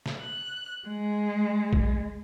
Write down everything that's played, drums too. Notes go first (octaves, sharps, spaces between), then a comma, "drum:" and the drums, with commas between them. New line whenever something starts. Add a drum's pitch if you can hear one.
drum: snare
F#6
G#3
drum: kick A#1